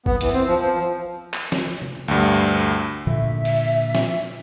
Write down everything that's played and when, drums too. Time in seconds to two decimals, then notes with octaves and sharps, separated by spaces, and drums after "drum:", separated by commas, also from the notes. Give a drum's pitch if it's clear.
0.06 B3, drum: kick
0.21 E3, drum: hi-hat
0.33 C4
0.46 F3
0.60 F3
1.34 drum: clap
1.52 drum: snare
1.82 drum: tom
2.08 D2 G2
3.07 A#2 D3 F3 E5
3.45 drum: cymbal
3.95 drum: snare